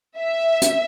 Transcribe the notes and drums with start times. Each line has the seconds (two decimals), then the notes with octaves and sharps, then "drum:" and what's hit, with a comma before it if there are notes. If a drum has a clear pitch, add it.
0.18 E5
0.62 drum: hi-hat